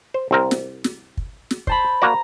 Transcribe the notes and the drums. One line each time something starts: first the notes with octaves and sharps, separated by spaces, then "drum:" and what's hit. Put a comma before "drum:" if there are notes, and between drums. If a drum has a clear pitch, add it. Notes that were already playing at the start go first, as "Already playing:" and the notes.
C5
C2 C4 A#4
drum: snare
drum: snare
drum: kick
drum: snare
C5 A5 B5, drum: kick
A#3 F#4 D5 A#5 A#6